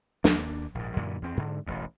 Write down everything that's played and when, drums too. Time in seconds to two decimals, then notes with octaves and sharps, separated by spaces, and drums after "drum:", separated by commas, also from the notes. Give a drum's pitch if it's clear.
0.24 D#2 A#3 D4, drum: snare
0.75 A#1 G#2
0.97 F#2 A#2 D3 E3
1.22 E2 C4
1.37 G#2 D3
1.66 E1 A1 D#2